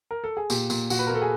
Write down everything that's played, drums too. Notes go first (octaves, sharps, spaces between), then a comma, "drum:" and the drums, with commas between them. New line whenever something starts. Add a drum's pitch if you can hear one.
A#4
A4
G#4
A#2 G4, drum: tambourine
A#2, drum: tambourine
A#2 F#4, drum: tambourine
B4
A#2 A#4
A4
G#4